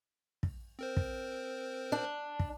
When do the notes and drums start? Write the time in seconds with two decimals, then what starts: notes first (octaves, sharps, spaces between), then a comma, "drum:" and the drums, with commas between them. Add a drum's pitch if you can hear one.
0.43 drum: kick
0.79 C4 A#4 C5
0.97 drum: kick
1.92 D4
2.39 drum: kick